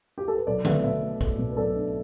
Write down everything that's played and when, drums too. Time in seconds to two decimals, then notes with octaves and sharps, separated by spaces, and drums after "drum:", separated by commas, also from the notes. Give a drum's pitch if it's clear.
0.18 G4
0.28 A4
0.37 B4
0.47 B1 A4 D5
0.65 A3 B4 E5, drum: tom D3
0.83 B2 B4 E5
1.02 A3
1.21 A3, drum: kick A#1
1.39 B2
1.52 B4
1.57 B1 A4 D5
1.75 D4